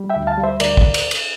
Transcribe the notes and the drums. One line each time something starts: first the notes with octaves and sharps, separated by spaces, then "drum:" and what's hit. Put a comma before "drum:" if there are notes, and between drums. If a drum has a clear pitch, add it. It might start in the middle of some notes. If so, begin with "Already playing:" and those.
Already playing: G3
E5 G5
D2
F5 A5
G3
C5 E5
D2 A#4 D5, drum: cymbal
drum: kick
drum: cymbal
drum: cymbal